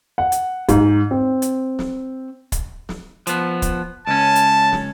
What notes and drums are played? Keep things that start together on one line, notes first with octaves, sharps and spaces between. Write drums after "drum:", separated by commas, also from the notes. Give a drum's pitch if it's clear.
F#5
drum: hi-hat
G#2, drum: kick, hi-hat
C4
drum: hi-hat
drum: snare
drum: kick, hi-hat
drum: snare
F3 B3, drum: hi-hat
drum: kick, hi-hat
C#2 C#4 A5
drum: hi-hat
drum: snare